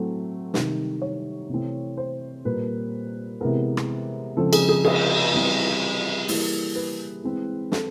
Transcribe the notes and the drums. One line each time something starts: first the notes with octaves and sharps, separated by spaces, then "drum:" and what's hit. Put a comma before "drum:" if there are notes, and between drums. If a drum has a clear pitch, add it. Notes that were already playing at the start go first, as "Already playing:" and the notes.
Already playing: A2 F#3 A3 C4
C3 D#3 G3, drum: snare
C#5
C3 E3 A3 C4
C5
A#2 G3 A#3 B4
C3 E3 G#3 B3 A#4
drum: rim click
C#3 F3 G#3 C4 A4
G#4, drum: cymbal
G#4
G#4, drum: cymbal
E3 G3 C4
E3 G3 A#3, drum: open hi-hat
B4
E3 G#3 C4
A4, drum: snare